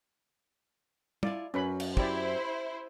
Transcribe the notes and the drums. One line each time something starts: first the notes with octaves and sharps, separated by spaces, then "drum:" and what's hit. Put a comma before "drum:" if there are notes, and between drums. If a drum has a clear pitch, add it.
E4 F4 D5, drum: tom
F#2 C#4 B4 B5
drum: cymbal
E4 G4 C5 D5, drum: kick